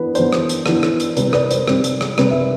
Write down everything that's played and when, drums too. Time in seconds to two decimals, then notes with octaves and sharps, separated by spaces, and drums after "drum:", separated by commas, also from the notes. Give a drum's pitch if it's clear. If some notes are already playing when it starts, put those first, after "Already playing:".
Already playing: E3 B3 D4 B4
0.15 E3 B3 D4 C5, drum: hi-hat
0.33 drum: rim click
0.49 drum: hi-hat
0.66 E3 B3 D4, drum: rim click
0.83 drum: rim click
1.00 drum: hi-hat
1.17 C3 G3 C4 B4, drum: hi-hat
1.33 B4 D5, drum: rim click
1.51 C5, drum: hi-hat
1.68 C3 G3 C4, drum: rim click
1.84 drum: hi-hat
2.01 drum: rim click
2.18 C3 G3 C4 B4, drum: rim click
2.31 E5